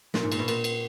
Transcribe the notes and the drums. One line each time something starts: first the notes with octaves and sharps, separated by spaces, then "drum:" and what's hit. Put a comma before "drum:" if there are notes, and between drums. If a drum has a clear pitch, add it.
A#2, drum: snare
G#2
A#2, drum: cymbal
B2
A#2, drum: cymbal
drum: cymbal